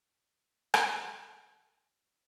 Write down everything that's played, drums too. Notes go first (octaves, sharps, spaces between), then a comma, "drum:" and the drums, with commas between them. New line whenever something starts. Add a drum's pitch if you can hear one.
F4 G5 D#6
drum: rim click
G#4 C5